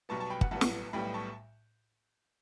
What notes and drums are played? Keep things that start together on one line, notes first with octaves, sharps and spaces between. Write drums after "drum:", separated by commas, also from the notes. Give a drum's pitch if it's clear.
B1 B2 G3 B3 A5 C#6
A5 C#6
G5 B5
F#5, drum: kick
B1 A2 G3 B3 F#5 A5
drum: snare
B1 A2 G3 B3 G5 B5
A5 C#6